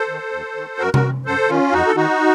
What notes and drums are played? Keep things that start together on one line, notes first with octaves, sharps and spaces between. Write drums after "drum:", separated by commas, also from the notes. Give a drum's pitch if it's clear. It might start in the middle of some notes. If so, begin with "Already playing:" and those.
Already playing: A4 C5
D#3
D#2
D#3
F#2 F#4 A#4
F#4 A#4, drum: tom C3
D#3
F#2 A4 C5
D#3 C#4 F4
F2 D#4 F#4
A4
D#3 D#4 F#4